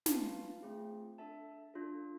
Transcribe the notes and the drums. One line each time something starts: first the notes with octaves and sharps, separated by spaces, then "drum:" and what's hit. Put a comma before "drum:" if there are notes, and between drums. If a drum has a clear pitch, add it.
F4 B4 F5 A5, drum: snare
A3 C4 F4 G#4
D4 A4 E5 A5
D4 F4 A4